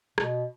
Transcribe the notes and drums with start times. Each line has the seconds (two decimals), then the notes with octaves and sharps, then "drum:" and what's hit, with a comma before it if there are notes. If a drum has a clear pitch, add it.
0.18 B2, drum: rim click